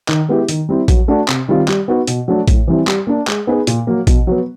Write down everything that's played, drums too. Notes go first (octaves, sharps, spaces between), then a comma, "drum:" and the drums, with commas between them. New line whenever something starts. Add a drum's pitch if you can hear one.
D#3, drum: clap
G#3 B3 E4 G4
D#3, drum: hi-hat
G3 C4 E4
F#3, drum: kick A#1, hi-hat
A3 D4 F#4
C3, drum: clap
D#3 G3 C4 F4
G3, drum: clap
B3 D#4 F#4 B4
B2, drum: hi-hat
F#3 A3 D4
A2, drum: kick A#1, hi-hat
E3 G3 C4 E4
G3, drum: clap
A#3 D4
G#3, drum: clap
B3 D#4 G#4 B4
A#2, drum: hi-hat
F#3 A#3
B2, drum: kick A#1, hi-hat
F#3 B3